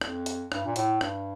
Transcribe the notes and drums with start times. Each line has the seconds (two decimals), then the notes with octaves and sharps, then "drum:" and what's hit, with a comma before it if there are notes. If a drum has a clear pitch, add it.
0.01 F2, drum: rim click
0.26 drum: hi-hat
0.52 G2, drum: rim click
0.66 A#2
0.76 A2, drum: hi-hat
1.01 G2, drum: rim click